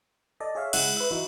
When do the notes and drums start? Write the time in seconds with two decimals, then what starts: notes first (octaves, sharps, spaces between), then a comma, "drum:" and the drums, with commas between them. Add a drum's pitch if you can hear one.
0.40 A4 D5 D#5
0.55 G#4 C#5 E5 F5
0.73 C#3 G#3 E4 G#4 F#5, drum: cymbal
0.97 B4 E5
1.11 E3 D#4 E4 F#4